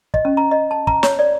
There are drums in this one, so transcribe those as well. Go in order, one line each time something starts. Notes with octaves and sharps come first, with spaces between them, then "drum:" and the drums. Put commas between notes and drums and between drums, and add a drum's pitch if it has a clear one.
D#5, drum: kick
C#4
A#5
D#5
A5
A#5, drum: kick
C#5, drum: snare
D5